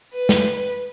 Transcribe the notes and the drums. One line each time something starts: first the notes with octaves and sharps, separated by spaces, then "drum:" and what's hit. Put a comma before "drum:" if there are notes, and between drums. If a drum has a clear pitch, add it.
B4
drum: snare